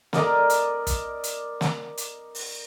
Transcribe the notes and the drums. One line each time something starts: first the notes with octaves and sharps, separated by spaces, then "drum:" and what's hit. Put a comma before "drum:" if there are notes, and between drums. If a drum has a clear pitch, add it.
A#4 D5 D#5, drum: snare
drum: hi-hat
drum: kick, hi-hat
drum: hi-hat
drum: snare
drum: hi-hat
drum: open hi-hat